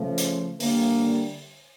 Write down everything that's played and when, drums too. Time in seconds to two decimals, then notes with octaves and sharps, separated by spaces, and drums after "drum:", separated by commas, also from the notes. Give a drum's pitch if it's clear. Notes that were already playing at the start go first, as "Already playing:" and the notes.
Already playing: C#3 F3 A3
0.18 drum: hi-hat
0.60 D3 G3 A#3, drum: open hi-hat